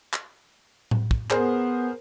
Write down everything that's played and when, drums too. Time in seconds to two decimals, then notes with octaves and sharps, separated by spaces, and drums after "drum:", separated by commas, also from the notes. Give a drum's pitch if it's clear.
0.13 drum: clap
0.91 drum: tom A2
1.11 drum: kick
1.30 B3 G#4 A#4 C5, drum: clap